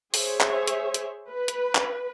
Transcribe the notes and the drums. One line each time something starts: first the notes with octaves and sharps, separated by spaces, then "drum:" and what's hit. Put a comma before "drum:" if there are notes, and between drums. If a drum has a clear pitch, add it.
G#4 C5 C#5 E5, drum: open hi-hat
drum: clap
drum: hi-hat
drum: hi-hat
B4
drum: hi-hat
drum: clap